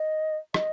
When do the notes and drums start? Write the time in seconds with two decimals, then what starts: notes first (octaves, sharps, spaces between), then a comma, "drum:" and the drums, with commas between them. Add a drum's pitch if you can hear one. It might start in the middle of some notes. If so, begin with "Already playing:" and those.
Already playing: D#5
0.54 D#5, drum: rim click